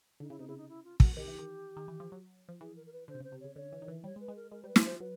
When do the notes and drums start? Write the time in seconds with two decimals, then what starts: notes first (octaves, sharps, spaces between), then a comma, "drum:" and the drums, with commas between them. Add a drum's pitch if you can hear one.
0.20 D3 D#4
0.29 C#3 E4
0.39 C3 D#4
0.47 C#3 E4
0.57 D#4
0.69 E4
0.84 F4
1.00 F#4, drum: kick
1.16 D#3 G4
1.28 E3
1.39 D#3
1.76 D#3
1.88 E3
2.00 F3
2.12 F#3
2.48 F3
2.61 E3 G#4
2.76 A#4
2.86 A#4
2.93 B4
3.08 D3 C5
3.15 C3
3.20 C#3
3.24 C5
3.32 C3
3.40 C#3 C#5
3.56 D3 C#5
3.72 E3
3.82 D#3
3.88 E3
4.04 G3 C#5
4.16 G#3
4.20 B4
4.28 G#3
4.36 A#4
4.52 G#3 A#4
4.63 G3 C5
4.68 B4
4.76 F#3, drum: snare
4.84 F3 C5
5.00 F#3 B4